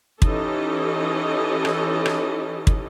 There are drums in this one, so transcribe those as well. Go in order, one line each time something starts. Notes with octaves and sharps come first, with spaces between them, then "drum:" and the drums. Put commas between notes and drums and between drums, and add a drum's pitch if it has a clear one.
E3 C#4 D#4 G4 A4 D#5, drum: kick
drum: rim click
drum: rim click
drum: kick